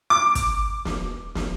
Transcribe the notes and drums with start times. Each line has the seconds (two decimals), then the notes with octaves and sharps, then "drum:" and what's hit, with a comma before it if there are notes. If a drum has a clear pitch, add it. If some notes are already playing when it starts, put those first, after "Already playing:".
0.10 D6
0.35 drum: kick, hi-hat
0.85 drum: snare
1.35 drum: snare